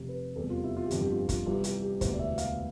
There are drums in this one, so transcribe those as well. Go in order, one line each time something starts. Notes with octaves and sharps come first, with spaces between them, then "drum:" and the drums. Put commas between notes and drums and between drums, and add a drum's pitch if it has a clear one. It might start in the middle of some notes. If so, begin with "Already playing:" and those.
Already playing: F1 F2 C3
B4
F1 E2 C3 G3 A4
F4
E4
F4
G4
G1 F2 D3 G3 F4, drum: hi-hat
G4
F4
G4
F4, drum: kick, hi-hat
C2 C3 E3 G3 F4
G4, drum: hi-hat
G4
E1 D2 C3 E3 C5, drum: kick, hi-hat
D5
E5
F5, drum: hi-hat